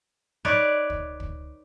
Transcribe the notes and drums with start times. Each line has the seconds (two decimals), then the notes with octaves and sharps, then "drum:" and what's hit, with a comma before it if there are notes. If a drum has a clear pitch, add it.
0.45 D#4 B4 C#5 D5
0.90 drum: kick
1.20 drum: kick